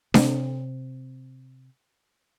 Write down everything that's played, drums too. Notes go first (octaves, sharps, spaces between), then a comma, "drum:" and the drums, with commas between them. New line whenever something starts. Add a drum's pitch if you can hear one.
C3 C4, drum: snare D4